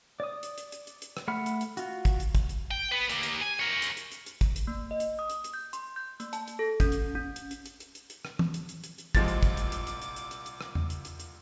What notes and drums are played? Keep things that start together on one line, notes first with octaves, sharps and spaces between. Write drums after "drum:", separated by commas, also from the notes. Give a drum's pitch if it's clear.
D5 D#6
drum: hi-hat
drum: hi-hat
drum: hi-hat
drum: hi-hat
drum: hi-hat
drum: rim click
A3 F#5 B5 F6
drum: hi-hat
drum: hi-hat
F4 F#4, drum: hi-hat
drum: kick, hi-hat
drum: hi-hat
drum: kick, hi-hat
drum: hi-hat
G5
B3 B4
A#3 G4, drum: hi-hat
drum: hi-hat
G#5
A#4 C#5
drum: hi-hat
drum: hi-hat
drum: hi-hat
drum: hi-hat
drum: kick, hi-hat
drum: hi-hat
A#3
D#5
drum: hi-hat
D#6
drum: hi-hat
drum: hi-hat
G6
C6, drum: hi-hat
G6
A#3, drum: hi-hat
A5, drum: hi-hat
drum: hi-hat
A4
C#4, drum: kick, hi-hat
drum: hi-hat
C#4
drum: hi-hat
drum: hi-hat
drum: hi-hat
drum: hi-hat
drum: hi-hat
drum: hi-hat
drum: rim click
drum: tom E3
drum: hi-hat
drum: hi-hat
drum: hi-hat
drum: hi-hat
C2 A#2 F3 G3 G#3 F4 D6 A6, drum: kick, hi-hat
drum: hi-hat
drum: kick, hi-hat
drum: hi-hat
drum: hi-hat
drum: hi-hat
drum: hi-hat
drum: hi-hat
drum: hi-hat
drum: hi-hat
drum: rim click
drum: tom E2
drum: hi-hat
drum: hi-hat
drum: hi-hat